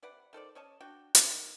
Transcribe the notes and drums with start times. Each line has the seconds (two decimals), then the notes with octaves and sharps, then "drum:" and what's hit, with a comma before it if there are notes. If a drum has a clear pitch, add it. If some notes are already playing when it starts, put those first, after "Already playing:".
0.03 C3 B4 D5 F#5
0.33 D#3 A4 C5 D5
0.55 C#4 C#5 D#5 A5
0.81 D4 F#4 G5
1.15 C#4 D#4 A4 D5, drum: hi-hat
1.28 D#3